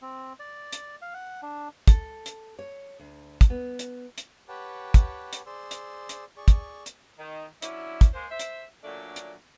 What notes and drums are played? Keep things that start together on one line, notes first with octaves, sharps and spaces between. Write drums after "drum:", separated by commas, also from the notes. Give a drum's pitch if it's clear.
C4
D5
drum: hi-hat
F5
F#5
D4
A4, drum: kick, hi-hat
drum: hi-hat
C#5
D2
drum: kick, hi-hat
B3
drum: hi-hat
drum: hi-hat
G4 B4 C#5 F#5 G5 A5
drum: kick, hi-hat
drum: hi-hat
G#4 C5 D5 C6 E6
drum: hi-hat
drum: hi-hat
G#4 D5 C#6
drum: kick, hi-hat
drum: hi-hat
D#3
F#3 C#4 D4 E4, drum: hi-hat
drum: kick, hi-hat
G#3 A#3 C5
C5 E5
drum: hi-hat
A#2 D3 F#3 A3 D4
drum: hi-hat